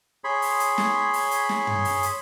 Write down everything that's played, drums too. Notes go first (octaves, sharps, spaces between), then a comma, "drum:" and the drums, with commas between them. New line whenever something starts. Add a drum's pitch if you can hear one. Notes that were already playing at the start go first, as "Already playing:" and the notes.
G#4 C#5 B5 C6
drum: open hi-hat
drum: hi-hat
drum: snare
drum: open hi-hat
drum: hi-hat
drum: snare
drum: tom
drum: open hi-hat
drum: hi-hat